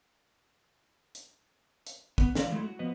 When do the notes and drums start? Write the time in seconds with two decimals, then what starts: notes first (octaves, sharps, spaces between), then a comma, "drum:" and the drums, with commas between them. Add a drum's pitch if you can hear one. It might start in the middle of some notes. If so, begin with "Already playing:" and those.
1.15 drum: hi-hat
1.86 drum: hi-hat
2.18 B3, drum: kick
2.35 E3 A#4 D5 F5, drum: snare
2.51 F#3 G#3 A3 E4
2.64 F#4
2.79 F3 B3 F#4 B4 D#5